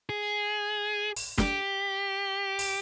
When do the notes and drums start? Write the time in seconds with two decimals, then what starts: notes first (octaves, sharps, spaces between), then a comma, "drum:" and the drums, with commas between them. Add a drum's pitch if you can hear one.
0.09 G#4
1.16 drum: open hi-hat
1.38 G4, drum: snare
2.59 drum: open hi-hat